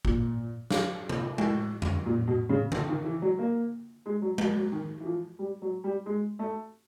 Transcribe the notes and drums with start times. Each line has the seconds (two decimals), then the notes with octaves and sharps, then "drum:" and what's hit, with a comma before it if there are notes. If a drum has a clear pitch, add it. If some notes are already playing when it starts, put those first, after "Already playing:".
0.05 A#2, drum: kick G#1
0.71 drum: snare
1.09 drum: tom C3
1.38 A2, drum: tom G#3
1.82 drum: tom F2
2.06 A#2
2.27 B2
2.49 C#3
2.72 D3, drum: tom C#3
2.88 D#3
3.05 E3
3.22 F#3
3.39 A#3
4.06 G#3
4.22 F#3
4.38 F#3, drum: tom G#3
4.56 F#3
4.72 D#3
5.00 E3
5.05 F3
5.39 G3
5.62 F#3
5.84 G3
6.06 G#3
6.39 A3